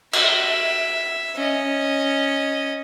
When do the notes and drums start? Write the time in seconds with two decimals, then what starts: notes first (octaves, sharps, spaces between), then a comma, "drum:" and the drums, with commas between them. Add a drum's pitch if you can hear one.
0.13 E5, drum: cymbal
1.36 C#4 D#5